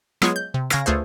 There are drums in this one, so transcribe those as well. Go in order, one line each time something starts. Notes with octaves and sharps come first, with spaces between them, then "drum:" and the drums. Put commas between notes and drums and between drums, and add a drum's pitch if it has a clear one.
F#3 G#3 B3 F4 G#4 C#5, drum: rim click
G6
C3
C#3 F5 G#6 A#6 D7, drum: rim click
D2 A3 F4 G#4 B4 C5